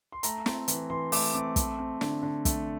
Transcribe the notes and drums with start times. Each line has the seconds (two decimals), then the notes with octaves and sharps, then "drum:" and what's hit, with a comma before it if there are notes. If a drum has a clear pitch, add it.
0.12 C6
0.23 A3 A#5, drum: hi-hat
0.46 C4, drum: snare
0.68 E3, drum: hi-hat
0.90 E3 C6
1.12 A3 D6, drum: open hi-hat
1.34 C4 D6
1.56 A3, drum: kick, hi-hat
1.79 C4
2.01 D3, drum: snare
2.23 D3
2.45 A3, drum: kick, hi-hat